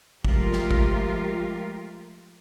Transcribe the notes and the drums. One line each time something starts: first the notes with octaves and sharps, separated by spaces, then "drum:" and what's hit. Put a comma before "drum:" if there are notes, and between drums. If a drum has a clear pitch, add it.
F3 G#3 A3 F4 G4 A#4, drum: kick G#1
drum: snare
drum: kick G#1